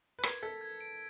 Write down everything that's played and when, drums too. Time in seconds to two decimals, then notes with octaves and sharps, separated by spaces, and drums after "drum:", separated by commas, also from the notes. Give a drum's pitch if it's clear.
0.19 B4
0.23 A#4 G#6, drum: rim click
0.42 A4 B6
0.61 G#6
0.81 D7